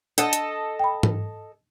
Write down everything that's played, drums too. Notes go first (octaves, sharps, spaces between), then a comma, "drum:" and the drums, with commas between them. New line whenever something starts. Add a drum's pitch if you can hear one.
D4 A4 D#5 F#5, drum: hi-hat
drum: hi-hat
G5 B5
drum: tom G#2